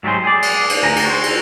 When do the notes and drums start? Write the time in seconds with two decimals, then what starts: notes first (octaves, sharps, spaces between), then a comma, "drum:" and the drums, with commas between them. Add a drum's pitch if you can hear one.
0.03 G#2 F#3 G3 G4 G#4 C5
0.24 G#4 D5
0.42 drum: cymbal
0.69 drum: cymbal
0.83 D2 G#5 A#5
0.96 drum: cymbal
1.06 F#4 C5
1.23 drum: cymbal